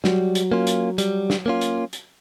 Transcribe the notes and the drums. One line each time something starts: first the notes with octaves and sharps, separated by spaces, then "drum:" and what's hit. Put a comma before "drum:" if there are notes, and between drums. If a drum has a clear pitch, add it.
F#3 G3, drum: snare
drum: hi-hat
A#3 C#4 F4
drum: hi-hat
G3, drum: hi-hat
drum: snare
A#3 C#4 F4
drum: hi-hat
drum: hi-hat